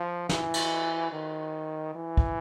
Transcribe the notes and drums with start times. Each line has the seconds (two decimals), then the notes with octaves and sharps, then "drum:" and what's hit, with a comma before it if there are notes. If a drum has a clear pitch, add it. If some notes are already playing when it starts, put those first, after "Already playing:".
Already playing: F3
0.29 E3, drum: snare
0.54 drum: cymbal
1.12 D#3
1.95 E3
2.17 drum: kick